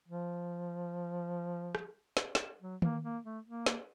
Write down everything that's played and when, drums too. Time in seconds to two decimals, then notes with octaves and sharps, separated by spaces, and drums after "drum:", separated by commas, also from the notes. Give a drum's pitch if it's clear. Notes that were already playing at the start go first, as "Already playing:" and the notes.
0.08 F3
1.75 drum: rim click
2.17 drum: snare
2.35 drum: snare
2.61 F#3
2.82 A#3, drum: tom D#3
3.04 A#3
3.25 A3
3.46 A#3
3.66 drum: snare